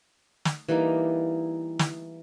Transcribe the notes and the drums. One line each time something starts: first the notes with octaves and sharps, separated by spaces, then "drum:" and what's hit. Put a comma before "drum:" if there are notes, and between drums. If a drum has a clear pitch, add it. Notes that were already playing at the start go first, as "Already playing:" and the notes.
drum: snare
E3 G3 A#3 D#4
drum: snare